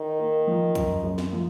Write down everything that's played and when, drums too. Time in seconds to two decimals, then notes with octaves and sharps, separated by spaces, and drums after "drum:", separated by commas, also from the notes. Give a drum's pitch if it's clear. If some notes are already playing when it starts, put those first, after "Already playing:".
Already playing: D#3
0.18 A#3
0.47 F3
0.75 F#2, drum: kick C2, hi-hat
1.04 F#2
1.18 drum: snare
1.32 F3